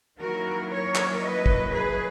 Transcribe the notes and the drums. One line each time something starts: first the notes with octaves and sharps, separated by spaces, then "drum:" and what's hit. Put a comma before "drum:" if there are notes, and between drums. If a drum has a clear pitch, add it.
D#3 F#3 A#3 C#4 E4 F#4 A#4
A#4 C#5
drum: clap
B4 D#5
drum: kick
G#4 B4